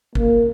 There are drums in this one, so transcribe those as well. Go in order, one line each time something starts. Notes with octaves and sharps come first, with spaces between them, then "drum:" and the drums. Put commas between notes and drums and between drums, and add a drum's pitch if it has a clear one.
A#3, drum: kick G#1